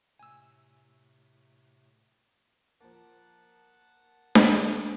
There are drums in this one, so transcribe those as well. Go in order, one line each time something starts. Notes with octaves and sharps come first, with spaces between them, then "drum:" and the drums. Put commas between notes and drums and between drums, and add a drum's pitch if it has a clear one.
A2 C3 A3 G#5 E6
F3 A#3 F#5 A5
drum: snare D4